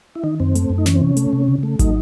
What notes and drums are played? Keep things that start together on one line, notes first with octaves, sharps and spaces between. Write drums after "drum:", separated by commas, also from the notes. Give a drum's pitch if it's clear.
E4
D#3 D#4
F#2 C4
A3, drum: hi-hat
F#2
D#4
E3 C#4, drum: snare
C4
C3 C#4
A3, drum: hi-hat
C3
C#3
A3
F#3 D#4, drum: kick, hi-hat